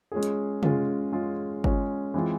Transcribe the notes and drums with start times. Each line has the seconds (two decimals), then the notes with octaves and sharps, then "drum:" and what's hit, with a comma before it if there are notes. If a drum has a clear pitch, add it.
0.12 G#3 C#4 F4 G#4
0.23 drum: hi-hat
0.63 G#3 C#4 F4 G#4, drum: tom
1.12 G#3 C#4 F4 G#4
1.64 G#3 C#4 F4 G#4, drum: kick G1
2.14 E3 G#3 C4 F4